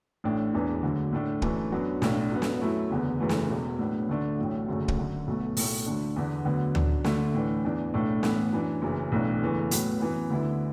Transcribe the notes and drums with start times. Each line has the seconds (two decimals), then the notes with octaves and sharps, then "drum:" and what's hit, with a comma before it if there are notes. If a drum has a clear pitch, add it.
0.24 A1 A2 A3 D4
0.54 E1 E2 E3 D4
0.83 D2 D3 F#3
1.13 A2 A3 D4
1.42 F#2 E3 A3 D4, drum: kick
1.72 F#2 F#3 B3 D4
2.02 B1 A2 A3 D4, drum: snare
2.32 F#2 F#3 B3
2.42 drum: snare
2.61 F#2 F#3 A3 E4
2.91 F#1 E2 D3 B3
3.20 F#1 F#2 E3 A3
3.29 drum: snare
3.49 E1 E2 B2
3.79 A2 F#3 B3 D4
4.09 D2 D3 A3 D4
4.39 A1 A2 F#3
4.68 F#1 F#2 D3 F#3 A3
4.88 drum: kick
4.98 F#2 D3 F#3
5.27 B1 B2 F#3 A3
5.57 B1 A2 A3, drum: open hi-hat
5.86 D2 D3 A3 D4
6.16 E2 D3 B3 D4
6.45 D2 D3 F#3 B3
6.75 F#2 F#3 D4, drum: tom D2
7.04 D2 D3 A3, drum: snare
7.34 A2 E3 D4
7.65 E2 E3 D4
7.94 B1 A2 A3 D4
8.23 A2 E3 B3, drum: snare
8.53 F#2 E3 D4
8.82 F#1 F#2 E3
9.12 B1 A2 E3 A3 D4
9.42 F#1 E2 E3 A3
9.71 A2 F#3 B3, drum: hi-hat
10.00 F#2 E3 B3
10.30 D2 D3 B3 E4